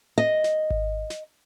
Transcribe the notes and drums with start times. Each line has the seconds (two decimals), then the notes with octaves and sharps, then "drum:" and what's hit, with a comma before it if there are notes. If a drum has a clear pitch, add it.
0.18 D#5
0.44 drum: snare
0.70 drum: kick G#1
1.10 drum: snare